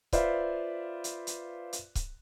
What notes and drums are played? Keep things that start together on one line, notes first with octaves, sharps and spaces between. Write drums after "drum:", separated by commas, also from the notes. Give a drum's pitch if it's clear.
F4 B4 C5 D5 E5 F5, drum: kick C#1, hi-hat
drum: hi-hat
drum: hi-hat
drum: hi-hat
drum: kick C#1, hi-hat